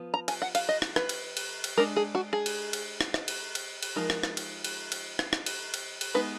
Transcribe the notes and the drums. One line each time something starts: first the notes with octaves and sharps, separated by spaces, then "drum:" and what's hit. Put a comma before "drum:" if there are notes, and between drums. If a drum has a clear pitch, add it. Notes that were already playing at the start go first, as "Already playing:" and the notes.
Already playing: F3 B3
A#5
G#5, drum: cymbal
F#5
F5, drum: cymbal
D#5
drum: rim click
B4, drum: rim click
drum: cymbal
drum: cymbal
drum: cymbal
G#3 D4 A#4
G#4
F#4
G#4
drum: cymbal
drum: cymbal
drum: rim click
drum: rim click
drum: cymbal
drum: cymbal
drum: cymbal
F3 G#3 D#4 A#4
drum: rim click
drum: rim click
drum: cymbal
drum: cymbal
drum: cymbal
drum: rim click
drum: rim click
drum: cymbal
drum: cymbal
drum: cymbal
G#3 B3 D#4 B4